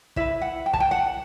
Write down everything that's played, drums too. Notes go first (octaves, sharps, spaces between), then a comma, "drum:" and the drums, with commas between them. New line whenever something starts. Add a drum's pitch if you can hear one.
E4 B4 E5, drum: kick
F#5
G5
A5, drum: kick
G5
F#5